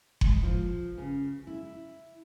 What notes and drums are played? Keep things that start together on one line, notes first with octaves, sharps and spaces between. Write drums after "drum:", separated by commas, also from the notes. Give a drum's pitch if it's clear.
G#3, drum: kick F#1
F3
C#3
E4